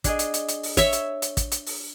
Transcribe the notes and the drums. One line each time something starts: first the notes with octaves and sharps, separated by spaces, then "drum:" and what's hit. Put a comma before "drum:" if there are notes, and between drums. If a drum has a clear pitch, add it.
D4 G#4 D#5, drum: kick, hi-hat
drum: hi-hat
drum: hi-hat
drum: hi-hat
drum: open hi-hat
C#5 E5, drum: kick, hi-hat
drum: hi-hat
drum: hi-hat
drum: kick, hi-hat
drum: hi-hat
drum: open hi-hat